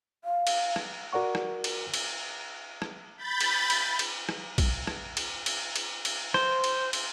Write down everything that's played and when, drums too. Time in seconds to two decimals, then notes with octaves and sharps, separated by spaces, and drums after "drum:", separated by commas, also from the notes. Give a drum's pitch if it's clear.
0.24 F5
0.47 drum: cymbal
0.76 drum: rim click
1.13 F#4 A#4 D5 F#5 C#6
1.35 drum: rim click
1.64 drum: cymbal
1.94 drum: cymbal
2.82 drum: rim click
3.17 B5 G6 A6
3.40 drum: cymbal
3.70 drum: cymbal
3.99 drum: cymbal
4.29 drum: rim click
4.58 drum: kick A#1, cymbal
4.87 drum: rim click
5.17 drum: cymbal
5.46 drum: cymbal
5.76 drum: cymbal
6.05 drum: cymbal
6.34 C5, drum: rim click
6.64 drum: cymbal
6.93 drum: cymbal